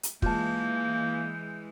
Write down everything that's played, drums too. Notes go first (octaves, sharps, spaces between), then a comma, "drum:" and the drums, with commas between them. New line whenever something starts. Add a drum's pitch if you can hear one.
drum: hi-hat
E3 G#3 A#3 F4 A5 G6, drum: kick